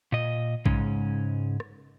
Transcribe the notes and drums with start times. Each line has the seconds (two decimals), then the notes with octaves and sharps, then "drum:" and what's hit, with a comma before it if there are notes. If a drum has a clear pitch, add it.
0.12 A#2 D#5
0.66 G#2 C#3 G#3 C#4, drum: kick A#1
1.60 drum: rim click